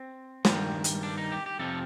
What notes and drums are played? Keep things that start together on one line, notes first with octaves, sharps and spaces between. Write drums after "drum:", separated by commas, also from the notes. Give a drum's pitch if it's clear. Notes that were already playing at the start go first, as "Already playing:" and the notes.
Already playing: C4
G2 D#3 G3, drum: snare
drum: hi-hat
D4
D#4
G4
G4
F2 C3 F3 A4